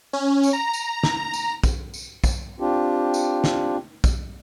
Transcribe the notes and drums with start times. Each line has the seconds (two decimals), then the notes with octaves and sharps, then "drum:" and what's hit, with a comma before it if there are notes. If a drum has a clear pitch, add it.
0.13 C#4
0.43 drum: tambourine
0.53 A#5
0.73 drum: tambourine
1.03 drum: snare
1.33 drum: tambourine
1.64 drum: kick, tambourine
1.94 drum: tambourine
2.24 drum: kick, tambourine
2.60 C4 D4 F4 G4
3.14 drum: tambourine
3.44 drum: snare
4.04 drum: kick, tambourine